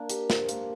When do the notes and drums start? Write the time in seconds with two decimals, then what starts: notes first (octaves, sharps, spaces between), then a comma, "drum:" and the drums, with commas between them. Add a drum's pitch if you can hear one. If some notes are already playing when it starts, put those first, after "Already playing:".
Already playing: A#3 D4
0.10 G4, drum: hi-hat
0.30 C5, drum: snare
0.49 A#3, drum: hi-hat